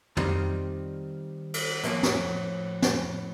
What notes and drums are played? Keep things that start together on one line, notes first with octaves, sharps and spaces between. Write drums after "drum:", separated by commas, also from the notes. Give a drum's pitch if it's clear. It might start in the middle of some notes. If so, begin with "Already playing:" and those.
D#3 G3 C4 F4, drum: tom
drum: cymbal
A2 F3 A#3 C#4, drum: hi-hat
drum: snare
drum: snare